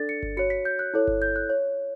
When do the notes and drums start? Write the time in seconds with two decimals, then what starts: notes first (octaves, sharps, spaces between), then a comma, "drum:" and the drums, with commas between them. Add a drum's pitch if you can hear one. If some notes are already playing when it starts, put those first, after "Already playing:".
Already playing: D4 A4 D5 A6
0.09 C#7
0.23 drum: kick G1
0.37 F#4 C#5 C#7
0.50 B6
0.65 G6
0.79 F#6
0.94 E4 A4 C#5
1.07 drum: kick G1
1.22 G6
1.36 F#6
1.50 C#5